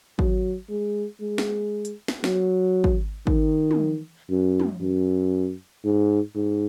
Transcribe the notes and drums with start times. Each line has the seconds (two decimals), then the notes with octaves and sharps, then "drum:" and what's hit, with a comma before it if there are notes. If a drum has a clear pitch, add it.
0.19 F#3, drum: kick
0.70 G#3
1.21 G#3
1.38 drum: snare
1.85 drum: hi-hat
2.08 drum: snare
2.24 F#3, drum: snare
2.84 drum: kick
3.27 D#3, drum: kick
3.71 drum: tom
4.30 F#2
4.60 drum: tom
4.81 F#2
5.84 G#2
6.35 G#2